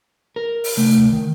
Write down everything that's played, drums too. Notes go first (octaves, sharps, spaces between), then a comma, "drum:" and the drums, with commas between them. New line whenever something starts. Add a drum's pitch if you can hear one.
A#4
drum: open hi-hat
C3 A3
drum: kick
D#3